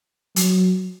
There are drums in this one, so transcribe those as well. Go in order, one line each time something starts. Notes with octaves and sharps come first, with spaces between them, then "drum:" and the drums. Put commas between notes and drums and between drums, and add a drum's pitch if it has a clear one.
F#3, drum: hi-hat